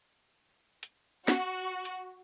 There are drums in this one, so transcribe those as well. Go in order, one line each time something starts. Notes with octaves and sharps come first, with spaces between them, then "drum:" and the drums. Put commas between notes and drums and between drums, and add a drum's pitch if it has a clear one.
drum: hi-hat
F#4, drum: snare
drum: hi-hat